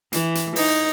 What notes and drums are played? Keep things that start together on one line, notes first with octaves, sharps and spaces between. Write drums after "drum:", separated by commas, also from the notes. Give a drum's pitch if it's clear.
E3, drum: hi-hat
drum: hi-hat
D#4, drum: open hi-hat